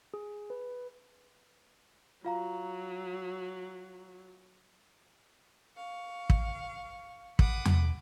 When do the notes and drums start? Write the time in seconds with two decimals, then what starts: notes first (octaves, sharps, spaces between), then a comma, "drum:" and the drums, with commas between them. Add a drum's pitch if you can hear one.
0.14 G#4
0.50 B4
2.25 F#3 F4 F5 A#5
5.77 F5 C#6
6.30 drum: kick
7.39 F#5 B5 D6 D#6, drum: kick
7.65 drum: tom E2